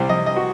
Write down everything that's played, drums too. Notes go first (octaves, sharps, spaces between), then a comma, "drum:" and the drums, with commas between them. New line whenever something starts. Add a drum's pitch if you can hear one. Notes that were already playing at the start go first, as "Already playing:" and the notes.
Already playing: C2 C3 G3 C5
D#5, drum: tom E3
D#5
F#4